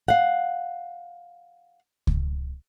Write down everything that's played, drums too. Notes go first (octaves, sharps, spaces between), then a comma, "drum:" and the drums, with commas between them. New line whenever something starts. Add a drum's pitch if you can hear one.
F5 F#5
drum: kick C#2